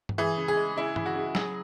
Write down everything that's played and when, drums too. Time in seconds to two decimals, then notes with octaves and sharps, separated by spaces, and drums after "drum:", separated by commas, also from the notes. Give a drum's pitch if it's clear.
0.09 drum: tom G2
0.18 E3 G#4
0.37 C#3
0.48 G#4
0.57 G#3
0.76 C#3 E4
0.96 E3, drum: tom G2
1.06 F#4
1.15 C#3
1.35 F#3 G#4, drum: snare